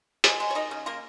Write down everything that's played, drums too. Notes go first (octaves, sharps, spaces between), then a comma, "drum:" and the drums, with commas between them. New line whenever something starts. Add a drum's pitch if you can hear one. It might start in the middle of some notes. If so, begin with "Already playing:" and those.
G#3, drum: hi-hat
G#3
C#5
D#4 A#4 D#5
C#3
A#3 F4 A#4